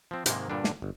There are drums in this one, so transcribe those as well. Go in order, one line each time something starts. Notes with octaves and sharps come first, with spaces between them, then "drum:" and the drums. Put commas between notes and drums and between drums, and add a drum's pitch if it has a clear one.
F3 C4
G#2 C3 D#3 G#3 A#3, drum: hi-hat
G2 A#2 D3 G3 D4
drum: snare
G1